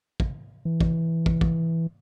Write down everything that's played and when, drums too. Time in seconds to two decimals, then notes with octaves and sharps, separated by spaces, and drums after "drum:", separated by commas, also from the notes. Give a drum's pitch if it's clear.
0.20 drum: kick
0.65 E3
0.81 drum: kick
1.26 drum: kick
1.41 drum: kick